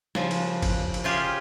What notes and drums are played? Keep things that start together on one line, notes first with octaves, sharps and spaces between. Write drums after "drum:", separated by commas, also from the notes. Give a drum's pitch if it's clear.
C#3 F3, drum: snare
drum: cymbal
drum: kick F#1, cymbal
drum: cymbal
C#4 F4 G4 G#4